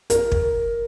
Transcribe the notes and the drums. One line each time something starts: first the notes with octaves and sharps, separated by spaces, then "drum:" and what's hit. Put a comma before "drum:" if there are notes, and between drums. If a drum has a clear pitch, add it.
A#4, drum: hi-hat
drum: kick